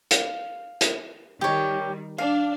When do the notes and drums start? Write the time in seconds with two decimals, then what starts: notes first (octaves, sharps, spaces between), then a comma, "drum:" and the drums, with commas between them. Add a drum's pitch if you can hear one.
0.11 F5, drum: hi-hat
0.81 drum: hi-hat
1.41 D#3 G3 G4 C#5
2.18 D4 F5